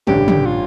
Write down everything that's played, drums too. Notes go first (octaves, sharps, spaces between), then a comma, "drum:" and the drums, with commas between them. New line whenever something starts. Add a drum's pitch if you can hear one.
A1 G2 D3 G3 D4 G4, drum: tom
drum: tom
F4